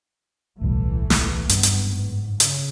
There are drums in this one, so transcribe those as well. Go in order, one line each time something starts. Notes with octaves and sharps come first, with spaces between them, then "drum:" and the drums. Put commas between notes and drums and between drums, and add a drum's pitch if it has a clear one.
D1 B1 E3 G3 A3
drum: snare
F#1 C2 G2 B3, drum: hi-hat
drum: hi-hat
G#2
C#3, drum: hi-hat